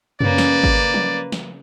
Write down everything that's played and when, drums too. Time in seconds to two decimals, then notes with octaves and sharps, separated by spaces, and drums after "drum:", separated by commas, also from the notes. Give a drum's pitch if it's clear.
0.21 C#3 A#3 C#4 B4 D5, drum: tom F#2
0.38 drum: snare
0.64 drum: kick G#1
0.94 drum: tom F3
1.32 drum: snare